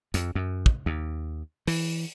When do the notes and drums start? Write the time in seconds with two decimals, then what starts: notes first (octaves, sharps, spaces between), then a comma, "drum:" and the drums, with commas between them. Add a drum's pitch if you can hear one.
0.14 F2, drum: hi-hat
0.35 F#2
0.66 drum: kick
0.86 D#2
1.67 E3, drum: open hi-hat